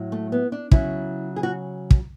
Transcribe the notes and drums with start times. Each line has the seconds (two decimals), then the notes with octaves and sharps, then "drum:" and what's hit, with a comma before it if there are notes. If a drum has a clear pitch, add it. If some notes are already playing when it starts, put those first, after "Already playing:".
Already playing: A2 F#3
0.12 A3
0.32 B3
0.52 D4
0.71 C#3 F#3 E4, drum: kick
1.36 G#4
1.43 F#4
1.91 drum: kick